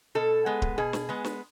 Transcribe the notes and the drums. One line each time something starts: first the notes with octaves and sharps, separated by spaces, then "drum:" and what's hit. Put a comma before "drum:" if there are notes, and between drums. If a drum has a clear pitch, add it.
B2 A4
G#3 B3
drum: kick D1
B2 G#4
drum: snare
G#3 B3
drum: snare